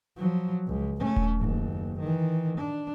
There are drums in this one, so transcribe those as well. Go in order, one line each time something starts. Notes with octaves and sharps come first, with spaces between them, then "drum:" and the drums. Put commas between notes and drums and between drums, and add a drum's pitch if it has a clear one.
F3 F#3
C#2
A3 C#4
drum: kick D#1
F#1 D#2
D#3 E3
D4